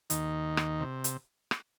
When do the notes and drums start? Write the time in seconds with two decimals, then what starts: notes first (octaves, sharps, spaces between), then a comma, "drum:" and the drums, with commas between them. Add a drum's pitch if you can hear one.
0.10 D#2 D#3, drum: hi-hat
0.57 drum: rim click
0.80 C3
1.04 drum: hi-hat
1.51 drum: rim click